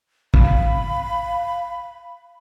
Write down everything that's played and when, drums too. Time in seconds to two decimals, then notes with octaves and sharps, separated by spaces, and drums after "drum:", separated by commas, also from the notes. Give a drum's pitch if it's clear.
0.34 F5 B5, drum: kick